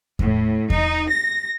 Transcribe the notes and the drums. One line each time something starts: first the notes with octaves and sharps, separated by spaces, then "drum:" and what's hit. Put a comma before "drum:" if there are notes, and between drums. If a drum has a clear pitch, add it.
A2, drum: kick E2
D#4, drum: kick E2
A#6